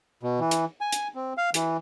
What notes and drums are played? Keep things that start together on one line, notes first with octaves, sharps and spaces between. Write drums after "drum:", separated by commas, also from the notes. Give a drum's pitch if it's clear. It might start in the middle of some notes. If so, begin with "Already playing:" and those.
B2
E3
drum: hi-hat
G#5
drum: hi-hat
C4
F5
E3, drum: hi-hat